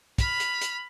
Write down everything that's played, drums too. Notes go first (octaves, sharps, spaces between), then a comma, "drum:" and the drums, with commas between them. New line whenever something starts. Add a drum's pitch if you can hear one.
B5 F6, drum: kick, hi-hat
drum: hi-hat
drum: hi-hat